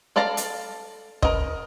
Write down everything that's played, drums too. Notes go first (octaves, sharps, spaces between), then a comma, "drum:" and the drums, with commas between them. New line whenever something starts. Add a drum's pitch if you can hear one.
A4 D5 F5 A5 A#5
drum: hi-hat
A#4 D#5, drum: kick